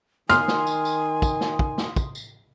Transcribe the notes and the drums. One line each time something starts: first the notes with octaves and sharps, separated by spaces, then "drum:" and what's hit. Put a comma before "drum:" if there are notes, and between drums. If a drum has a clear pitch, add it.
D#3 G#5 C6 D#6 F6, drum: snare
drum: snare
drum: tambourine
drum: tambourine
drum: kick, tambourine
drum: snare
drum: kick
drum: snare
drum: kick, tambourine
drum: tambourine